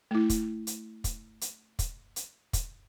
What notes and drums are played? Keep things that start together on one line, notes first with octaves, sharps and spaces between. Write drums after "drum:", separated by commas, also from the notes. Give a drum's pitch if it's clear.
A3 E4
drum: kick, hi-hat
drum: hi-hat
drum: kick, hi-hat
drum: hi-hat
drum: kick, hi-hat
drum: hi-hat
drum: kick, hi-hat